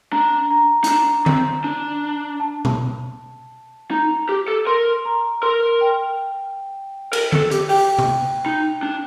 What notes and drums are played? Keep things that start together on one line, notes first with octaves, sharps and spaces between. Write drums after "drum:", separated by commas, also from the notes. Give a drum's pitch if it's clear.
D4 A#5
A#5
D#4, drum: hi-hat
D4 A#5
C4, drum: tom D3
D4
A5
drum: tom B2
D#4 A#5
G4
A4
A#4 C6
A#5
A#4 C6
G5
A#4, drum: cymbal
A4, drum: tom D3
G4, drum: hi-hat
G4 G5, drum: open hi-hat
drum: tom C3
D#4
D4